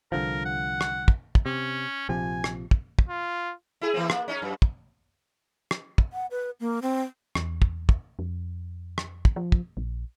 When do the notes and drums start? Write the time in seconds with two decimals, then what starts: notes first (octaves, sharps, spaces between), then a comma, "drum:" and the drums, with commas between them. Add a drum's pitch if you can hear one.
0.12 C2 D3 F3 A#4
0.45 F#5
0.81 drum: rim click
1.08 drum: kick
1.35 drum: kick
1.46 C3 C#4
2.09 A#1 C3 F3 G#5
2.44 drum: rim click
2.71 drum: kick
2.99 drum: kick
3.09 F4
3.81 E4 G#4
3.94 E3 A#3 C4
4.10 A#3, drum: rim click
4.28 C#4 D#4
4.42 F#2
4.62 drum: kick
5.71 drum: rim click
5.98 drum: kick
6.13 F#5
6.31 B4
6.60 A#3
6.82 C4
7.35 E2, drum: rim click
7.62 drum: kick
7.89 drum: kick
8.19 F2
8.98 drum: rim click
9.25 drum: kick
9.36 F3
9.52 drum: kick
9.77 A#1